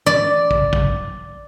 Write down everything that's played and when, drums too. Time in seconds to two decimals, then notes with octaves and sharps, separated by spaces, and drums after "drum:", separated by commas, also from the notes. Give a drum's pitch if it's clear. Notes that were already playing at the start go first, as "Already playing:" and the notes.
0.06 D5
0.51 drum: kick
0.73 drum: kick